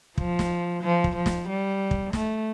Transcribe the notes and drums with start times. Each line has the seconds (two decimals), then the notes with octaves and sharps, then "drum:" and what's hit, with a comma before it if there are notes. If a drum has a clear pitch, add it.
0.18 F3, drum: kick
0.39 drum: snare
0.82 F3
1.04 drum: kick
1.15 F3
1.26 drum: snare
1.48 G3
1.91 drum: kick
2.13 A3, drum: snare